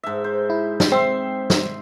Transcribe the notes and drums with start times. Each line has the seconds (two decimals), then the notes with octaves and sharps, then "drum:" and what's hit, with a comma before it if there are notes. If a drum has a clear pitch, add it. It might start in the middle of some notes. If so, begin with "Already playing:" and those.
0.03 G#2 E5
0.24 C5
0.50 E4
0.80 drum: snare
0.92 C4 E5 C6
1.50 drum: snare